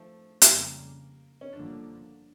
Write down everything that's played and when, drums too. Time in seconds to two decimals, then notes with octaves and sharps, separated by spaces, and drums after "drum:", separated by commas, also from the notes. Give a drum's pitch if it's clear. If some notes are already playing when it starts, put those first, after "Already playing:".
Already playing: F3 A3
0.42 F2 C#3 G3 A#3 C#4, drum: hi-hat
1.41 C#4
1.53 G1 G2 D3 F3 A#3 D4